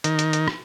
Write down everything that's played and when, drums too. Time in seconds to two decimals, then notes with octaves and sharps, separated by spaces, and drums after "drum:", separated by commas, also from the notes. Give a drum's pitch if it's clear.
0.04 D#3, drum: hi-hat
0.19 drum: hi-hat
0.33 drum: hi-hat
0.48 drum: rim click